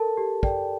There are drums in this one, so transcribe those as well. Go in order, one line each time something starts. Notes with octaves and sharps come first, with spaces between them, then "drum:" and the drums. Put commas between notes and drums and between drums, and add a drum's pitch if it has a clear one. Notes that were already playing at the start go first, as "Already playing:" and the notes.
Already playing: A4 A#4 A5
G4
D5 G5, drum: kick